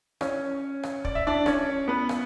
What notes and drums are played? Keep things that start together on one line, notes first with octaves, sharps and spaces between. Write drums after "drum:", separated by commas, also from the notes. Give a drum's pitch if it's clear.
C#4 C#5, drum: rim click
drum: rim click
D5, drum: kick
E5
D4 D5
C#4 C#5, drum: rim click
B3 B4
drum: rim click